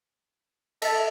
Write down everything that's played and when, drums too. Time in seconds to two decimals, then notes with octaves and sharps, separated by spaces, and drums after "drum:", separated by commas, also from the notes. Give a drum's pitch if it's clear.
0.82 A4 D#5 E5 A6, drum: cymbal